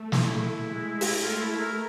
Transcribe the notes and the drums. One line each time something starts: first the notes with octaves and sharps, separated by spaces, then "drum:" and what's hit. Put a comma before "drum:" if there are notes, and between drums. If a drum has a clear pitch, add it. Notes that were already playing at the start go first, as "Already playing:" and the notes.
Already playing: A3
E4, drum: snare
G#3
drum: open hi-hat
A3 F4
E4
A#4